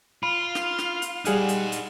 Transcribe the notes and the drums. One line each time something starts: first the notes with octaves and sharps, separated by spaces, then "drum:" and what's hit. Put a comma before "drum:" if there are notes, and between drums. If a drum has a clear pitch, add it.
F4 F5 B5
drum: snare
drum: snare
drum: hi-hat
G3 D#4 G#4 F#5 F6, drum: hi-hat
drum: hi-hat
drum: hi-hat